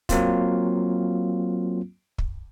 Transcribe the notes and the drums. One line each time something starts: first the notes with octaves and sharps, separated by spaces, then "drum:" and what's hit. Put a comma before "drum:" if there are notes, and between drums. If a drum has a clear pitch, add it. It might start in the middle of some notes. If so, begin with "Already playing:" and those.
F#3 A#3 C4 F4, drum: kick, hi-hat
drum: kick